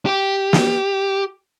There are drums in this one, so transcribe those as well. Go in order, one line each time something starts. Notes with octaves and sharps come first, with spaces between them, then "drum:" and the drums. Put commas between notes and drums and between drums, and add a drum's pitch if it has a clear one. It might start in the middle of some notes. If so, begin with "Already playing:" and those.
G4
drum: snare